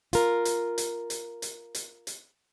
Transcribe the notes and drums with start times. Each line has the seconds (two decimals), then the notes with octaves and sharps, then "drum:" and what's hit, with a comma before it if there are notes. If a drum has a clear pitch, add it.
0.13 F4 A#4, drum: hi-hat
0.45 drum: hi-hat
0.78 drum: hi-hat
1.10 drum: hi-hat
1.42 drum: hi-hat
1.75 drum: hi-hat
2.07 drum: hi-hat